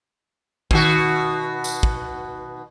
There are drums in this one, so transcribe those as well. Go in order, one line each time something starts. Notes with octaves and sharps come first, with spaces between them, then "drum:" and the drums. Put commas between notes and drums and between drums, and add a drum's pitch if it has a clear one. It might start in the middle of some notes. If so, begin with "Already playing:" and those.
B2 D#3 F#4, drum: kick
drum: tambourine
drum: kick